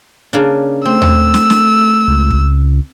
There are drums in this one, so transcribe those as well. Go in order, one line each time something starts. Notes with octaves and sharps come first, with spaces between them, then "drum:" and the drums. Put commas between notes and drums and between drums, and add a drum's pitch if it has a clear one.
C#3 A#3 D4
A3 C4 E6
drum: tom D#2
drum: snare
drum: snare
C#2
drum: kick